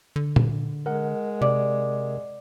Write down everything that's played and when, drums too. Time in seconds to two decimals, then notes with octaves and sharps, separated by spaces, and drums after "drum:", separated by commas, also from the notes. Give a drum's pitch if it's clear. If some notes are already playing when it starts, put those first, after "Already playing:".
0.16 D3
0.36 drum: tom A#2
0.86 G#3 A#4 F#5
1.41 C3 D5